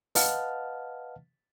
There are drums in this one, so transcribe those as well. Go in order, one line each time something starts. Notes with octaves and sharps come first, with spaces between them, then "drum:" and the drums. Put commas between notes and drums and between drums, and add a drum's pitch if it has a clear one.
B4 D#5 F5 F#5 A5 F6, drum: open hi-hat